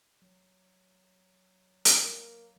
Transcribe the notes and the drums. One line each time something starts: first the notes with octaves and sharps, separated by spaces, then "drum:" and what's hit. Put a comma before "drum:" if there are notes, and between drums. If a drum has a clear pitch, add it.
F#3
drum: hi-hat
A#3